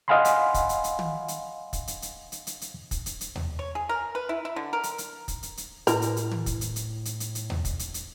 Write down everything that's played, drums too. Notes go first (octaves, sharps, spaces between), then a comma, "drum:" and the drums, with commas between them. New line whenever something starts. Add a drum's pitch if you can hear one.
D#5 F5 F#5 G#5 B5 C6
drum: hi-hat
drum: kick, hi-hat
drum: hi-hat
drum: hi-hat
drum: tom
drum: hi-hat
drum: kick, hi-hat
drum: hi-hat
drum: hi-hat
drum: hi-hat
drum: hi-hat
drum: hi-hat
drum: kick, hi-hat
drum: hi-hat
drum: hi-hat
drum: tom D#2
C#5
G#4
A#4
B4
E4
E4
D3
A#4
drum: hi-hat
drum: hi-hat
drum: kick, hi-hat
drum: hi-hat
drum: hi-hat
A2 E4 A#4 B4, drum: hi-hat
drum: hi-hat
drum: hi-hat
drum: tom
drum: kick, hi-hat
drum: hi-hat
drum: hi-hat
drum: hi-hat
drum: hi-hat
drum: hi-hat
drum: tom D#2
drum: kick, hi-hat
drum: hi-hat
drum: hi-hat